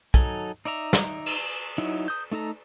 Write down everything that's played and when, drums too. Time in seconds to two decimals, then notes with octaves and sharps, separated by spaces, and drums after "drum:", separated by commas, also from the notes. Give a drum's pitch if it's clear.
0.14 F#3 D#4 A4 G#5, drum: kick
0.65 D#4 D5 E5 A#5
0.93 drum: snare
1.26 drum: cymbal
1.78 F#3 D#4 E4
2.08 D#6 G6
2.32 A3 D#4 A4 A#5